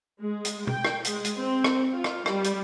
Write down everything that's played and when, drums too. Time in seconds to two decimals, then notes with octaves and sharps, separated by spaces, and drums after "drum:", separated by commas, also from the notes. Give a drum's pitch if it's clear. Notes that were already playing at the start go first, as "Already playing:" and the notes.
0.20 G#3
0.45 drum: hi-hat
0.67 G5, drum: tom
0.85 drum: rim click
1.05 G#3, drum: hi-hat
1.24 drum: hi-hat
1.36 C4
1.64 drum: rim click
1.93 F4
2.04 drum: rim click
2.26 G3, drum: rim click
2.44 drum: hi-hat